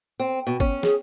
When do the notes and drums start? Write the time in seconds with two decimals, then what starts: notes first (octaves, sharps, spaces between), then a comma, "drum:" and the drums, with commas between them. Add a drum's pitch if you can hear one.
0.20 C4
0.47 B2
0.60 C#4, drum: kick G#1
0.83 G#4, drum: snare